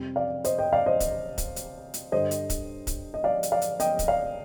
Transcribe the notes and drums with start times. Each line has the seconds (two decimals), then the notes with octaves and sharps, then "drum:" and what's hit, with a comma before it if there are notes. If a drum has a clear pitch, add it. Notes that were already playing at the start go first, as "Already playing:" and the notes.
Already playing: F2 C3 G3
0.16 D5 F5
0.44 C5 D#5, drum: hi-hat
0.58 D#5 G5
0.72 D5 F5
0.86 C5 D#5
1.00 drum: kick, hi-hat
1.38 drum: kick, hi-hat
1.56 drum: hi-hat
1.94 drum: hi-hat
2.12 G2 D3 G3 C5 D#5
2.31 drum: hi-hat
2.50 drum: kick, hi-hat
2.87 drum: kick, hi-hat
3.14 D#5
3.24 D5 F5
3.43 drum: hi-hat
3.52 D5 F5
3.62 drum: hi-hat
3.80 D#5 G5, drum: hi-hat
3.99 drum: kick, hi-hat
4.08 D5 F5